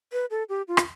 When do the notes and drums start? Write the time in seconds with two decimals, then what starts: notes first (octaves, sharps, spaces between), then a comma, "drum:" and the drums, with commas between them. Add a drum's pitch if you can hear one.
0.13 B4
0.31 A4
0.49 G4
0.68 F4
0.77 drum: rim click